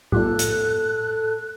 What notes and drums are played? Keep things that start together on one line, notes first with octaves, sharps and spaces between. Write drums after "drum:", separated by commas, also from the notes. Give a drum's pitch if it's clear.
G3 F4 G4 A4 F#6, drum: tom A2
drum: hi-hat